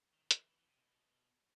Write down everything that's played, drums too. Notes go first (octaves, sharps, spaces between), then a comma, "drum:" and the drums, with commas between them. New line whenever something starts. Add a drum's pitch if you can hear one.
D#3
E3, drum: hi-hat
E3
E3
B2
C3
B2